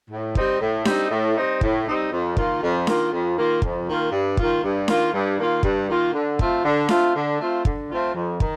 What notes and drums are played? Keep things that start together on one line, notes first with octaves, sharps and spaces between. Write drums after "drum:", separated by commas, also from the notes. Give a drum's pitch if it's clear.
A2
G3 C4 D#4, drum: kick
A2
G3 C4 D#4, drum: snare D4
A2
G3 C4 D#4
A2, drum: kick
G3 C4 D#4
F2
D#3 A#3 F4, drum: kick
F2
D#3 A#3 F4, drum: snare D4
F2
D#3 A#3 F4
F2, drum: kick
D#3 A#3 F4
G2
D#3 A#3 F4, drum: kick
G2
D#3 A#3 F4, drum: snare D4
G2
D#3 A#3 F4
G2, drum: kick
D#3 A#3 F4
D3
A3 C4 F4, drum: kick
D3
A3 C4 F4, drum: snare D4
D3
A3 C4 F4
D3, drum: kick
A3 C4 F4
F2
D#3, drum: kick